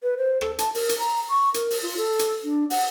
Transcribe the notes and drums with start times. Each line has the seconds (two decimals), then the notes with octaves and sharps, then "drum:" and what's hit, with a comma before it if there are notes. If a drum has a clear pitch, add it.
0.03 B4
0.17 C5
0.41 A4, drum: rim click
0.59 A5, drum: hi-hat
0.75 A#4, drum: open hi-hat
0.89 drum: hi-hat
0.98 A#5
1.29 C#6
1.54 A#4, drum: hi-hat
1.70 drum: open hi-hat
1.82 F4
1.97 A4
2.19 drum: hi-hat
2.44 D4
2.70 F#5, drum: open hi-hat